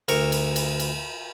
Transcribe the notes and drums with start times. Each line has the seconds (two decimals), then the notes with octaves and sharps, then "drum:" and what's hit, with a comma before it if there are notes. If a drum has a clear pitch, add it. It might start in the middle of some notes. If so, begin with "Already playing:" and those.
0.08 D2 A#4 C#6, drum: cymbal
0.32 drum: cymbal
0.56 drum: cymbal
0.80 drum: cymbal